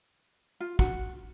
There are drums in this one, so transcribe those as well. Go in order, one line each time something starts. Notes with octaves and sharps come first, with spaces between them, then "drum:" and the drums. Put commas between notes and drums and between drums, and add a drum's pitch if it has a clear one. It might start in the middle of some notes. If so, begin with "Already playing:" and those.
F4
F#4, drum: kick